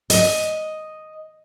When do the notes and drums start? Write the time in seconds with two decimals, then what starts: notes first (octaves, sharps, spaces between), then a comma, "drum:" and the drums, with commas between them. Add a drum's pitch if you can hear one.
0.10 D#5, drum: open hi-hat